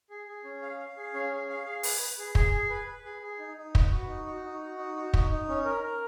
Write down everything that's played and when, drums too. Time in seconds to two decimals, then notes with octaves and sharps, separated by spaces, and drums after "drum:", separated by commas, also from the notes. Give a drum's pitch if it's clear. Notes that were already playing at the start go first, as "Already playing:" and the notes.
0.10 G#4
0.28 G#4
0.44 C#4
0.62 F5
0.79 F5
0.97 G#4
1.14 C#4
1.32 G#4
1.49 F5
1.66 G#4
1.83 B4, drum: open hi-hat
2.01 B4
2.19 G#4
2.35 G#4, drum: kick
2.53 G#4
2.70 B4
2.87 B4
3.05 G#4
3.23 G#4
3.39 D#4
3.57 D#4
3.75 B4, drum: kick
3.91 F#4
4.09 D#4
4.26 F#4
4.44 D#4
4.62 F#4
4.78 D#4
4.96 F#4
5.14 D#4, drum: kick
5.31 D#4
5.49 C#4
5.65 A#4
5.83 A#4